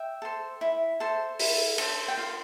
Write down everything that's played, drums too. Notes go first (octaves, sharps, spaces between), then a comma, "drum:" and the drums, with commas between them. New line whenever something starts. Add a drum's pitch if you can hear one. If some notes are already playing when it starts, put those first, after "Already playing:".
Already playing: E5 G5
A4 C5
E4
A4 C5
E4, drum: open hi-hat
A4 C5, drum: cymbal
G5
F4 F5